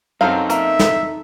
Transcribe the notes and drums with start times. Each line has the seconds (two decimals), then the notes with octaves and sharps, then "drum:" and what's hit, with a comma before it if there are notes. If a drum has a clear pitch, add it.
0.21 F#2 F#3 C4 D#4 A4 F5
0.50 A#3 E5, drum: hi-hat
0.79 drum: snare